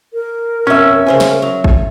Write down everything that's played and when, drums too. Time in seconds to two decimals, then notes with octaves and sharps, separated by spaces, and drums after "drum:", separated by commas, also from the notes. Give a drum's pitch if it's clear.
0.14 A#4
0.67 F2 B2 C#4 C#5 E5
1.06 C#3 C5 G#5
1.20 drum: snare
1.42 F#3
1.64 drum: kick A1